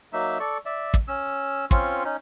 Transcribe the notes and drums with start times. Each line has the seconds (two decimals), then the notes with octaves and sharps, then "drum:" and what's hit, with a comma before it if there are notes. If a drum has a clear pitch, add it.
0.13 F#3 A#3 D#4 E5
0.40 A4 D5 C#6
0.66 D5 E5
0.94 drum: kick
1.08 C#4 E6
1.71 C4 C#4 F4 C#6, drum: kick
2.04 C#4 D#4